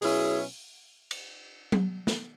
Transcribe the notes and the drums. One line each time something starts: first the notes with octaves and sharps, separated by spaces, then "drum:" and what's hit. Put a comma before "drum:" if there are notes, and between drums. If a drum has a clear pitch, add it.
B2 F#3 C#4 E4 G#4, drum: open hi-hat
drum: cymbal
drum: tom F#3
drum: snare